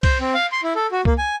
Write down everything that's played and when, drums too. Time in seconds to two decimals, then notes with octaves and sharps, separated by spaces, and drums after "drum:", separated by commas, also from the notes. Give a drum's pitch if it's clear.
0.03 C5, drum: kick C2, cymbal
0.20 C4
0.34 F5
0.52 C6
0.63 E4
0.76 A4
0.92 F#4
1.05 A#3, drum: kick C2
1.18 G#5